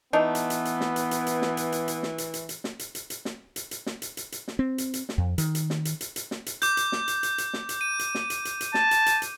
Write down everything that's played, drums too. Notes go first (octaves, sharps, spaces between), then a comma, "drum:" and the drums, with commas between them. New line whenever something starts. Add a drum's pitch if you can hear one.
E3 A3 B3 D4 D#4
drum: hi-hat
drum: hi-hat
drum: hi-hat
drum: snare
drum: hi-hat
drum: hi-hat
drum: hi-hat
drum: snare
drum: hi-hat
drum: hi-hat
drum: hi-hat
drum: snare
drum: hi-hat
drum: hi-hat
drum: hi-hat
drum: snare
drum: hi-hat
drum: hi-hat
drum: hi-hat
drum: snare
drum: hi-hat
drum: hi-hat
drum: snare
drum: hi-hat
drum: hi-hat
drum: hi-hat
drum: snare
C4
drum: hi-hat
drum: hi-hat
drum: snare
F2
D#3, drum: hi-hat
drum: hi-hat
drum: snare
drum: hi-hat
drum: hi-hat
drum: hi-hat
drum: snare
drum: hi-hat
D6 G6, drum: hi-hat
drum: hi-hat
drum: snare
drum: hi-hat
drum: hi-hat
drum: hi-hat
drum: snare
drum: hi-hat
D#7
drum: hi-hat
drum: snare
drum: hi-hat
drum: hi-hat
drum: hi-hat
A5, drum: snare
drum: hi-hat
drum: hi-hat
drum: hi-hat